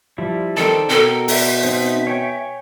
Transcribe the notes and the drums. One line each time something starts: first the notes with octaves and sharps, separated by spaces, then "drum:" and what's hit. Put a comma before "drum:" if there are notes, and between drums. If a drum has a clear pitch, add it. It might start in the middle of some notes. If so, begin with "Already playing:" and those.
F3 G3 E4
D#3 C4 A4 D5 A5
B2 A4 A#4 G5
E5, drum: open hi-hat
C4 D#4 C5
C#5 G5 G#5